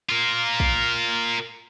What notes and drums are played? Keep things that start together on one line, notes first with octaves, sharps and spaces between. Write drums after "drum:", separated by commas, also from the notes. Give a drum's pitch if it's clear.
F4 A#4
drum: kick